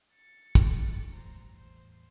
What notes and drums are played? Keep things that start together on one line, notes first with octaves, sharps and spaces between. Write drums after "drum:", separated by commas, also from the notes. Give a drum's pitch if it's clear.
A6 C#7
drum: kick, hi-hat
E2 A2 G3
C5 A#5
C5